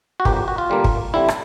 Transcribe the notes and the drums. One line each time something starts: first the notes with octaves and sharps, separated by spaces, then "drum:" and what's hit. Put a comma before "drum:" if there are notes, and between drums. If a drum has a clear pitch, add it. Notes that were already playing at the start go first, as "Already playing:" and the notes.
F#4
D3 F3 A#3 G4, drum: kick
G4
F#4
F4
D3 G3 A#3
drum: kick
D3 G3 C4 E4
drum: rim click